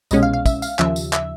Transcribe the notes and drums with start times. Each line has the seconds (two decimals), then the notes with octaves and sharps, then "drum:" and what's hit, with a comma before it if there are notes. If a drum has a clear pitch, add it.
0.11 C2 B2 G#3 C#4 D#5, drum: tambourine
0.23 F5
0.33 F5
0.46 E5, drum: kick, tambourine
0.62 F5, drum: tambourine
0.79 D#2 C#3 F3 E5, drum: clap
0.96 drum: tambourine
1.13 E5, drum: clap